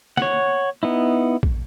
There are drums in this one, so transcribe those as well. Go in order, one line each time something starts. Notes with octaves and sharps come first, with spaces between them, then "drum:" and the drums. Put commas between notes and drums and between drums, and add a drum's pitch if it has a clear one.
C#5 F#5, drum: snare
B3 D#4 E4
drum: kick A#1